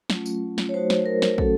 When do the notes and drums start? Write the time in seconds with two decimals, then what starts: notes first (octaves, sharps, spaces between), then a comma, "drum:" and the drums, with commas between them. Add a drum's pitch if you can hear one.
0.10 F#3 A3 C#4 F4, drum: snare
0.26 drum: tambourine
0.58 drum: snare
0.69 C#5
0.74 F#3 A3 D#4 F#4 C5
0.90 drum: snare
1.06 A#4
1.22 drum: snare
1.38 F#3 A3 C#4 F#4 A4, drum: kick